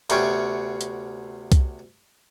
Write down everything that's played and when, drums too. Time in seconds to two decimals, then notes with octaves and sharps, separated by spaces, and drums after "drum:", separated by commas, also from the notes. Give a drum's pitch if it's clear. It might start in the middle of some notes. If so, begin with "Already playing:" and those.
0.10 D2 C3 B3 C#4 G5 C#6, drum: hi-hat
0.81 drum: hi-hat
1.52 drum: kick C2, hi-hat